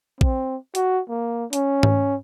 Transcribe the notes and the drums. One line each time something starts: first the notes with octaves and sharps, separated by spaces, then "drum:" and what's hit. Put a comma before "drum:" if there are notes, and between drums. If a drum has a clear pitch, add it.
C4, drum: kick
F#4, drum: hi-hat
A#3
C#4, drum: hi-hat
drum: tom G#2